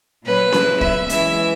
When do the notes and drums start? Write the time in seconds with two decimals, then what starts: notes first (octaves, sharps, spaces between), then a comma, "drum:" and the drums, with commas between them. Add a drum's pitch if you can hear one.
0.24 A#2 F#3 A#3 C#4 B4
0.52 C#3 F#3 A#3 E4, drum: snare C#4
0.81 A#2 F#3 B3 E5, drum: kick
1.09 E3 G#3 C#4 E4 E5, drum: hi-hat